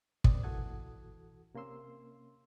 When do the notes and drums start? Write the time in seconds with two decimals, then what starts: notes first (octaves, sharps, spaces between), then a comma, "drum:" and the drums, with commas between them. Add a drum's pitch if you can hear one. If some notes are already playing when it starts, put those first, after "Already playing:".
0.24 D#2 A#3 C4 D5 D#6, drum: kick
0.43 E3 F#4 A4 F#5 D#6 G#6
1.55 C3 A#3 C#4 C6 E6